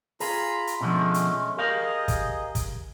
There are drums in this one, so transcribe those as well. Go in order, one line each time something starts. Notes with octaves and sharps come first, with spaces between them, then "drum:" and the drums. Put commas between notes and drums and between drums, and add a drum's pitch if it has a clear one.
F4 G#4 A#5 B5, drum: open hi-hat
drum: hi-hat
B2 D3 F3 G#3 A3 C#4
drum: hi-hat
G4 G#4 A#4 D#5 F5
drum: kick, hi-hat
drum: kick, hi-hat